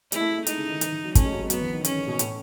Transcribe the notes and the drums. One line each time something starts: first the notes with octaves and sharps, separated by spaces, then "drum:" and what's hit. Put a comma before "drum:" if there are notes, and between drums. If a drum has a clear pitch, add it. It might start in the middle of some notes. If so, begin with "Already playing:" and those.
G#3 E4, drum: hi-hat
A3
G#3
A3
G#3 D#4, drum: hi-hat
C#3
D#3
E3, drum: hi-hat
E3
F#3
A3 C#4, drum: kick, hi-hat
G#3
F#3
G#3
F#3 B3, drum: hi-hat
E3
D#3
C#3 C#4, drum: hi-hat
C#3
B2
A2, drum: hi-hat